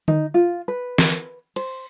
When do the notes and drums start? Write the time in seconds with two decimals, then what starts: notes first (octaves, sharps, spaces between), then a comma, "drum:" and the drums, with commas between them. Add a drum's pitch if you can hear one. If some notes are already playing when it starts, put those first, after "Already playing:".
0.08 D#4, drum: tom D3
0.34 F4
0.68 B4
0.98 drum: snare
1.56 C5, drum: cymbal